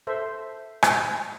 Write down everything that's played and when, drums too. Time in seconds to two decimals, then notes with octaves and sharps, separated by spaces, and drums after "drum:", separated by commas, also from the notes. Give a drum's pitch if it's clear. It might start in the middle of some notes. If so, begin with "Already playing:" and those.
0.07 A4 C5 E5
0.82 drum: rim click